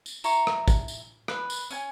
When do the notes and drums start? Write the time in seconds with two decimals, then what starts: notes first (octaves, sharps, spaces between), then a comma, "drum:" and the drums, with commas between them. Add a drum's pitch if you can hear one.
0.06 drum: tambourine
0.24 E4 A#5 C#6, drum: tambourine
0.47 drum: rim click
0.68 drum: kick, tambourine
0.88 drum: tambourine
1.28 B4, drum: rim click
1.50 drum: tambourine
1.70 C#4 G#5, drum: tambourine